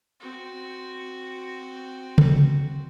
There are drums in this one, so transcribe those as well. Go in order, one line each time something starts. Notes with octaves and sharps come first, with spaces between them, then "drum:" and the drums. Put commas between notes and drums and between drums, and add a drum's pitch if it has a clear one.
C4 F#4
drum: tom C#3